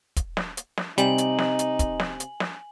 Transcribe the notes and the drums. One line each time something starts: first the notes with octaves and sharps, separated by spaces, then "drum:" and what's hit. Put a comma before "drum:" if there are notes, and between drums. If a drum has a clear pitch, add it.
drum: kick, hi-hat
drum: snare
drum: hi-hat
drum: snare
C3 G3 D#4 G#5 F#7, drum: hi-hat
drum: hi-hat
drum: snare
drum: hi-hat
drum: kick, hi-hat
drum: snare
drum: hi-hat
drum: snare